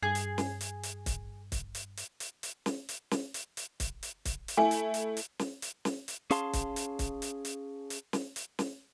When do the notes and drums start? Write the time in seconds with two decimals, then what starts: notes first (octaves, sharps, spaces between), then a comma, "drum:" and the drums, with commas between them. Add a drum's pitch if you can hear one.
0.03 G2 G#4
0.15 drum: hi-hat
0.38 drum: snare
0.61 drum: hi-hat
0.83 drum: hi-hat
1.06 drum: kick, hi-hat
1.52 drum: kick, hi-hat
1.75 drum: hi-hat
1.97 drum: hi-hat
2.20 drum: hi-hat
2.43 drum: hi-hat
2.66 drum: snare
2.89 drum: hi-hat
3.11 drum: snare
3.34 drum: hi-hat
3.57 drum: hi-hat
3.80 drum: kick, hi-hat
4.03 drum: hi-hat
4.25 drum: kick, hi-hat
4.48 drum: hi-hat
4.57 A3 E4 G#5
4.71 drum: hi-hat
4.94 drum: hi-hat
5.17 drum: hi-hat
5.39 drum: snare
5.62 drum: hi-hat
5.85 drum: snare
6.08 drum: hi-hat
6.31 C#4 G#4 F5 A5 C6, drum: hi-hat
6.53 drum: kick, hi-hat
6.76 drum: hi-hat
6.99 drum: kick, hi-hat
7.22 drum: hi-hat
7.45 drum: hi-hat
7.90 drum: hi-hat
8.13 drum: snare
8.36 drum: hi-hat
8.59 drum: snare